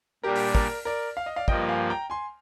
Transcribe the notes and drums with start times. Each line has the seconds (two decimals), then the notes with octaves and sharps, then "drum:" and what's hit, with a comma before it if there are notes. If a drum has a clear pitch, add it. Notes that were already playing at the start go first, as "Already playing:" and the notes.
0.23 A#2 G3 D4 G4 A#4
0.36 drum: open hi-hat
0.55 A#4 D5, drum: kick
0.85 A#4 D5
1.17 F5
1.26 D#5
1.36 D5 F5
1.48 G2 F3 A#3 D#5 G5, drum: kick
1.69 F5 G#5
1.90 G5 A#5
2.10 G#5 C6